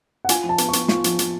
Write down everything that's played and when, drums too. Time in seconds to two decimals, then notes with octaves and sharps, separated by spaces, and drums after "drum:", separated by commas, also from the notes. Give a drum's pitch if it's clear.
0.25 F#5
0.29 F4 G#5, drum: hi-hat
0.44 F3
0.49 A5
0.58 B3, drum: hi-hat
0.69 C#6
0.73 B3, drum: hi-hat
0.88 F4 C#6, drum: snare
1.04 F3, drum: hi-hat
1.19 F3, drum: hi-hat